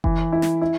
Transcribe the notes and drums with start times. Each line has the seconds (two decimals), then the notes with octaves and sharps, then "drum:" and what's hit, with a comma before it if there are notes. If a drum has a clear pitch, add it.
0.04 E3, drum: kick F#1
0.32 E4
0.42 drum: snare
0.61 E4